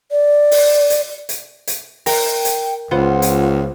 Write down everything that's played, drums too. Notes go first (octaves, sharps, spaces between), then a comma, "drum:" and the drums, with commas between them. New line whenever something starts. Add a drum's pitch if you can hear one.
D5
drum: open hi-hat
drum: hi-hat
drum: hi-hat
drum: hi-hat
A#4 G5, drum: open hi-hat
drum: hi-hat
C#2 B3 F4 C5 F#5
drum: hi-hat